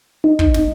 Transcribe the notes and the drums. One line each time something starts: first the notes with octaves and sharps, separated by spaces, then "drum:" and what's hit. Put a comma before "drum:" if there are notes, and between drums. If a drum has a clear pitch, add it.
D#4
drum: kick
drum: snare